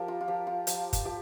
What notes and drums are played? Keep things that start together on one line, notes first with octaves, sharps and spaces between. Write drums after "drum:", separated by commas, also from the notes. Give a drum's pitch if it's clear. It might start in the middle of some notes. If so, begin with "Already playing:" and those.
Already playing: F3 G4 A#4
F4
F4
F3 G4
F4
F3, drum: hi-hat
drum: kick, hi-hat
F3 G4